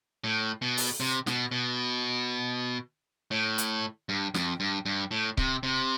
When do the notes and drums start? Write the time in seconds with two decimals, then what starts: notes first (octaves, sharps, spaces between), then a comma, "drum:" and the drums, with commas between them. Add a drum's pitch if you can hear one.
0.24 A2
0.62 B2
0.77 drum: open hi-hat
1.00 C3
1.27 B2, drum: snare
1.51 B2
3.31 A2
3.58 drum: hi-hat
4.09 G2
4.34 F2, drum: snare
4.60 G2
4.86 G2
5.11 A2
5.37 C3, drum: kick C#1
5.63 C3